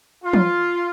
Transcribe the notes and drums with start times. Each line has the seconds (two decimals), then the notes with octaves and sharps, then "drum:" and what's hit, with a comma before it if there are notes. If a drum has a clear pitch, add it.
0.24 F4
0.33 drum: tom